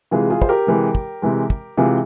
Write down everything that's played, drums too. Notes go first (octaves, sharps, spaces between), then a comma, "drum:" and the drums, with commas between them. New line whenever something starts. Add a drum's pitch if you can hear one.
C3 E3 G#3 F4 G#4
F4 G#4
C5, drum: kick
G4 A#4
C3 E3 G#3
drum: kick
C3 E3 G#3
drum: kick
C3 E3 G#3 F4 G#4